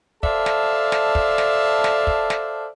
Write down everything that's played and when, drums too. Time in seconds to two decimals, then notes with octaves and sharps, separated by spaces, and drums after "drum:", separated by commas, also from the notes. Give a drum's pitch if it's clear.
0.23 A4 C5 D5 E5 F5 A5, drum: kick
0.46 drum: snare
0.92 drum: snare
1.15 drum: kick
1.38 drum: snare
1.84 drum: snare
2.07 drum: kick
2.30 drum: snare